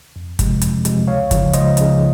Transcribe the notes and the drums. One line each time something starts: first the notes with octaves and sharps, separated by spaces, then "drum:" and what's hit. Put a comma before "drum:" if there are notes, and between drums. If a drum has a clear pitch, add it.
F2
C3 F3 G#3, drum: kick, hi-hat
F2, drum: hi-hat
C3 F3 G#3, drum: hi-hat
C#2 C#5 F5
C#3 F3, drum: kick, hi-hat
C#2 C5 D#5, drum: hi-hat
C#3 F3, drum: hi-hat